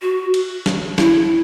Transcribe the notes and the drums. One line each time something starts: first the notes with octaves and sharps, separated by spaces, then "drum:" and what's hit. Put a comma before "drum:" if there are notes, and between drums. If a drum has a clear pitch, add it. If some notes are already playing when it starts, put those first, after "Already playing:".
F#4
drum: cymbal
drum: snare
E4, drum: snare